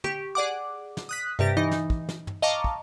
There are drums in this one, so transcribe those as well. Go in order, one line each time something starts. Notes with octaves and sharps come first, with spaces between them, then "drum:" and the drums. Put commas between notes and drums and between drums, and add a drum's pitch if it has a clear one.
G4 C#6, drum: tom
G#4 D5 F#5 D6
drum: snare
D#6 F#6 B6
G2 C3 G4 A6 A#6
E3 D#4 D#5
drum: snare
drum: kick
drum: snare
drum: tom
D#5 F5 A5 A#5 C#6 D6
drum: kick